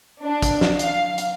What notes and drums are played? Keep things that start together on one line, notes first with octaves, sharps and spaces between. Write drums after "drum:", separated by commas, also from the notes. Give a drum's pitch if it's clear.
D4
drum: kick, hi-hat
drum: snare
F5, drum: hi-hat
drum: hi-hat